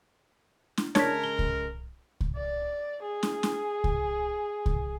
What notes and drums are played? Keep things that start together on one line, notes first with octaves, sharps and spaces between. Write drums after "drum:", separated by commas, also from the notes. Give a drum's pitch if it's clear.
drum: snare
C#3 G#3 D4 A#4 C#5 A5 G#6 B6, drum: snare
G7
drum: kick C2
drum: kick C2
D5
G#4
drum: snare
drum: snare
drum: kick C2
drum: kick C2